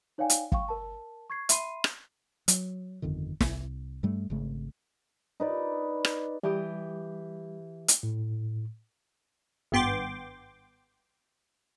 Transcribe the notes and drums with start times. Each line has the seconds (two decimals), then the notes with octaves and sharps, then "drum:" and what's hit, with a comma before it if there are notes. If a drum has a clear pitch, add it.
0.18 D#4 C#5 D5 F5 G5 G#5
0.30 drum: hi-hat
0.52 F5 G5 C#6, drum: kick
0.69 A#4 A5
1.30 C#6 G#6 C7
1.49 E5 B5 C6 C7 D#7, drum: hi-hat
1.84 drum: rim click
2.48 F#3, drum: hi-hat
3.02 G1 F2 D3 D#3
3.41 C2, drum: snare
4.03 G2 G3 A3
4.30 G#1 C#3 A3
5.40 D#4 B4 D5
6.05 drum: rim click
6.43 E3 G3 G4 D#6
7.88 drum: hi-hat
8.03 A2
9.72 G#1 G2 B3 G5 C6 D6